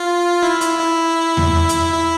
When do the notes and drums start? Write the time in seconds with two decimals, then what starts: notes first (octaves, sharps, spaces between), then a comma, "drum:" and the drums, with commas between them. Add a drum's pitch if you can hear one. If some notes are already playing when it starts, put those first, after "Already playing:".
Already playing: F4
0.43 E4
0.61 E4, drum: hi-hat
0.80 E4
1.37 drum: tom E2
1.69 drum: hi-hat
1.93 E4